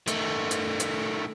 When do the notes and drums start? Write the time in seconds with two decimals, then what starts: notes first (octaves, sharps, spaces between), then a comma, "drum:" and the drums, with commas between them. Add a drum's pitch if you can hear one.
0.07 D#3 A3, drum: hi-hat
0.51 drum: hi-hat
0.80 drum: hi-hat